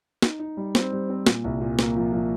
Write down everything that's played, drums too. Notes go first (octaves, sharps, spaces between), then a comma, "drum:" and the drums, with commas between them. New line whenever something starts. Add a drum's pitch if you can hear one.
D#4, drum: snare
D#4
G3
C4, drum: snare
G3
C4
A#2, drum: snare
C2
A#2
A#3, drum: snare
F3
F3